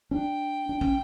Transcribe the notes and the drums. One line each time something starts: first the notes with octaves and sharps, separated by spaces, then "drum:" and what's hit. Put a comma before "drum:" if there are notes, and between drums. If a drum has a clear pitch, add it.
C#4
D4 G5
D4
C#4, drum: kick